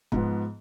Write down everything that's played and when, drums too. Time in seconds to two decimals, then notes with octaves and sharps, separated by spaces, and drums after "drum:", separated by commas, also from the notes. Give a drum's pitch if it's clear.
0.12 G#2 F3 B3, drum: kick